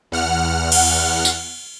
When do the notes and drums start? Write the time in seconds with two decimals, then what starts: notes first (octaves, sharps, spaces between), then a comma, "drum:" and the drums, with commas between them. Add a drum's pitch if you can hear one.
0.12 E2 F#5 F6
0.72 drum: cymbal
1.25 drum: tambourine